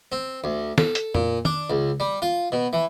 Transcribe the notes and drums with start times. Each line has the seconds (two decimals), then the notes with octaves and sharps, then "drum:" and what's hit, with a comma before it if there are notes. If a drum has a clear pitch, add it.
0.12 C4
0.44 D2
0.78 A4, drum: snare
0.95 drum: hi-hat
1.15 A#2, drum: tom F2
1.45 D4, drum: tom D#3
1.70 C#2
2.00 G3
2.22 F4
2.52 B2
2.73 E3